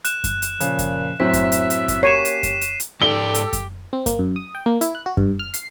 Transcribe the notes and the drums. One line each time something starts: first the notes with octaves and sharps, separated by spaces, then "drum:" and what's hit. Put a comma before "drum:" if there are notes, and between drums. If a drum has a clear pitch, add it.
F#6 E7, drum: hi-hat
drum: kick F#2, hi-hat
drum: hi-hat
A#2 C#3 F3, drum: hi-hat
drum: kick F#2, hi-hat
F#2 A2 C4 E5 B6
drum: kick F#2, hi-hat
drum: hi-hat
drum: hi-hat
drum: kick F#2, hi-hat
A#3 C#4 G4 C#5 C#6 C7 D#7 E7
drum: hi-hat
drum: kick F#2, hi-hat
drum: hi-hat
drum: hi-hat
G#2 G4 A4 D5 G7
drum: hi-hat
drum: kick F#2, hi-hat
C4
A#3, drum: kick F#2, hi-hat
F#2
D#6
G5
A#3
E4, drum: hi-hat
F#6
F#4
G2, drum: kick F#2
F6
C7, drum: hi-hat